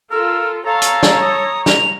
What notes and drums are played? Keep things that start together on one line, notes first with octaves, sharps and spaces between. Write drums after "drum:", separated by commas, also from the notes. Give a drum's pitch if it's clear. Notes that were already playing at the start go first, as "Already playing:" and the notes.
F4 A4 A#4 E6
A4 C#5 F5 A#5
drum: hi-hat
drum: snare
D#6
F7, drum: snare